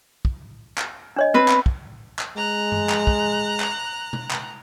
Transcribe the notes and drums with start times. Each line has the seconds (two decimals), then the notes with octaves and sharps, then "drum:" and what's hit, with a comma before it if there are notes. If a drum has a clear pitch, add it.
0.25 drum: kick
0.78 drum: clap
1.16 D4 C#5 D#5
1.34 C4 B4
1.48 drum: clap
1.66 drum: kick
2.19 drum: clap
2.37 G#3 A#5 F#6
2.72 drum: tom G2
2.90 drum: clap
3.07 drum: kick
3.60 drum: clap
4.13 drum: tom B2
4.31 drum: clap